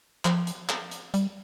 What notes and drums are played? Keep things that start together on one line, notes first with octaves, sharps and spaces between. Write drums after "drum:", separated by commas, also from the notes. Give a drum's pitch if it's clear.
F3, drum: clap
drum: hi-hat
drum: clap
drum: hi-hat
G3, drum: hi-hat